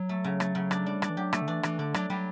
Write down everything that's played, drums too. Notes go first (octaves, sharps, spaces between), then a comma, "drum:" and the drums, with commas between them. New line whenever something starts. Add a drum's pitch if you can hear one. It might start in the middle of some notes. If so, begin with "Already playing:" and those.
Already playing: F#3
A3
C#3
A3, drum: rim click
C#3
D4, drum: rim click
G3 D4
D4, drum: rim click
E3
F#3 G4
A3, drum: rim click
D3
E3 D4
E3 D4, drum: rim click
D3 D4
F#3 D4, drum: rim click
F#3 G3